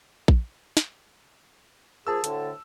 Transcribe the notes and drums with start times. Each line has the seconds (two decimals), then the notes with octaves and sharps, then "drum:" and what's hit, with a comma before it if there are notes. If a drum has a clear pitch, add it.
0.28 drum: kick A#1
0.77 drum: snare
2.07 F3 A#3 G#4 A5 E6
2.24 D2 A2 D3, drum: hi-hat